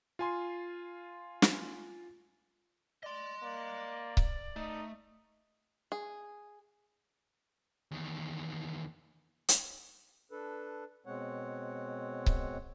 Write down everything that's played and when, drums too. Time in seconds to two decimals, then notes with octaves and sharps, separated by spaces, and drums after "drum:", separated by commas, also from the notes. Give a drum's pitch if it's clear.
0.19 F4 G#5 C6
1.42 drum: snare
3.03 D5 D#5 C6
3.43 A#3 D5
4.17 drum: kick C#1
4.56 A3 D#4
5.92 G#4
7.91 E2 D#3
9.49 drum: hi-hat
10.32 D4 A4 B4
11.06 B2 G#3 C4 C#5 F#5
12.26 drum: kick C#1